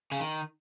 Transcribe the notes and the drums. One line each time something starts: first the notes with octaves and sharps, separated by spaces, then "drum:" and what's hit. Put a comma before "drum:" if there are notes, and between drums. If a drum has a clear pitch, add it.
C#3, drum: hi-hat
D#3